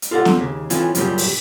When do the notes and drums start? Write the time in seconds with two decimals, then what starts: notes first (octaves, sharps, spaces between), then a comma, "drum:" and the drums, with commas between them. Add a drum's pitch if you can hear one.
0.02 drum: hi-hat
0.11 F4 A4 D5 E5 F#5
0.25 drum: snare
0.36 D#2 C#3
0.70 E3 F3 A3 C4 C#4 F4, drum: hi-hat
0.95 F#2 A#2 C#3 F3 G3 C#4, drum: hi-hat
1.18 drum: open hi-hat